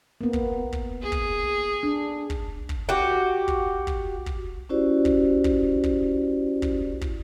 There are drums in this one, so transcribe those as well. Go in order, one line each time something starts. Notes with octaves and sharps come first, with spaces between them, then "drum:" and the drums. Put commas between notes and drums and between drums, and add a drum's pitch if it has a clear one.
A#3 B3
drum: kick
drum: kick
G#4
drum: kick
D4
drum: kick
drum: kick
F#4 G4
drum: kick
drum: kick
drum: kick
C#4 E4 F#4 G4 C5 D5
drum: kick
drum: kick
drum: kick
drum: kick
drum: kick